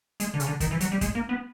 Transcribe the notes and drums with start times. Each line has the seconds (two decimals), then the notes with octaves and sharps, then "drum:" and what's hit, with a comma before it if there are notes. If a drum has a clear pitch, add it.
0.20 G#3, drum: hi-hat
0.34 D3
0.40 C#3, drum: hi-hat
0.47 D3
0.60 D#3, drum: kick, hi-hat
0.71 E3
0.80 F#3, drum: hi-hat
0.92 G3
1.01 G#3, drum: kick, hi-hat
1.15 A#3
1.29 B3